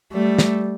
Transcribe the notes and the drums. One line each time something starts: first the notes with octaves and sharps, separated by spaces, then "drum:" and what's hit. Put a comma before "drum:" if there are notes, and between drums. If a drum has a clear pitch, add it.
G3 A3
drum: snare